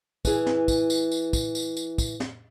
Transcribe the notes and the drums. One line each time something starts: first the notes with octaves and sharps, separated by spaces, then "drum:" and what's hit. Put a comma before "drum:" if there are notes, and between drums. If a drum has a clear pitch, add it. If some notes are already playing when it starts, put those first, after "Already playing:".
E3 G#4, drum: kick, tambourine
drum: snare
drum: kick, tambourine
drum: tambourine
drum: tambourine
drum: kick, tambourine
drum: tambourine
drum: tambourine
drum: kick, tambourine
drum: snare